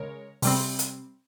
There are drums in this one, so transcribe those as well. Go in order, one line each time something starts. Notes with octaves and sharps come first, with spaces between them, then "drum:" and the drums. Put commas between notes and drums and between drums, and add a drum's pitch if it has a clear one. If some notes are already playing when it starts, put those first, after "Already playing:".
Already playing: C#3 G#3 A#4 C#5
C3 G3 C4, drum: open hi-hat
drum: hi-hat